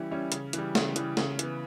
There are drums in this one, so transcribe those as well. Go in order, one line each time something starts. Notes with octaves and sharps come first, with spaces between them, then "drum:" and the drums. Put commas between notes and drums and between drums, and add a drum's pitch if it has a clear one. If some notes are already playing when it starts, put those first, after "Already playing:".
Already playing: E3 G3 C#4 E4
G3 C#4 E4
C#3, drum: hi-hat
E3 G3, drum: hi-hat
C#3, drum: snare
E3 G3, drum: hi-hat
C#3, drum: snare
E3 B3, drum: hi-hat